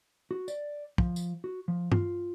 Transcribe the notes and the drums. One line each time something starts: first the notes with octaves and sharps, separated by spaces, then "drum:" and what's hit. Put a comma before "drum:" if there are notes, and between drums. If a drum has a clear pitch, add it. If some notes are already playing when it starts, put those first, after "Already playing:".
F#4
D5, drum: tambourine
F3, drum: kick
drum: tambourine
F#4
F3
F4, drum: tom G2